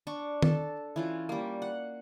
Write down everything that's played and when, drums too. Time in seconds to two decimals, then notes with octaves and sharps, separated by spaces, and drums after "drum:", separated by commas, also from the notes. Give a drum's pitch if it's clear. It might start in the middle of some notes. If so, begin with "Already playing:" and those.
0.07 D4 C#6
0.42 A4, drum: tom D#3
0.96 E3 C#4 F4
1.29 G3 A#3
1.62 F#5